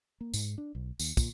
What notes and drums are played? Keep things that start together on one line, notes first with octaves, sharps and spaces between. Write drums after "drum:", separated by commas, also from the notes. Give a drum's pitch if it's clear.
A#3
G#2, drum: tambourine
D4
B1
D#2, drum: tambourine
A#2, drum: kick, tambourine